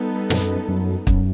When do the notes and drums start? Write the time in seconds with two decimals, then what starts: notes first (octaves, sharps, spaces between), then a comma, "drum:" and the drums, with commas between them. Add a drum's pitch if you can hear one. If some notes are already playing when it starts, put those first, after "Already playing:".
Already playing: G3 B3 D#4 A4
0.30 F#2, drum: snare
0.69 F#2
1.07 F#2, drum: kick